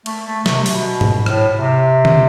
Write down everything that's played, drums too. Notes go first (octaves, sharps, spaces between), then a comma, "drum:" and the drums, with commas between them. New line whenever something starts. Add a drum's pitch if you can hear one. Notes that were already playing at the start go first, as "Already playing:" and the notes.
A3, drum: cymbal
A3
C3, drum: snare
B2, drum: open hi-hat
drum: tom G#2
A2, drum: rim click
C3
drum: tom D3